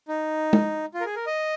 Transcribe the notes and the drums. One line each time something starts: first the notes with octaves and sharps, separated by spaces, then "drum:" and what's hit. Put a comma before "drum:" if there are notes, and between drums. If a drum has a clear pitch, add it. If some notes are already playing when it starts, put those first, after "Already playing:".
D#4
drum: tom G#3
F4
A#4
G#4
A#4
D#5